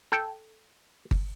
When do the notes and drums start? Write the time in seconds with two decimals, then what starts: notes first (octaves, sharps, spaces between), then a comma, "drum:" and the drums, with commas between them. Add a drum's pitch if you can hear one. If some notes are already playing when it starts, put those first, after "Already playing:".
0.12 A4 G5
1.11 drum: kick G1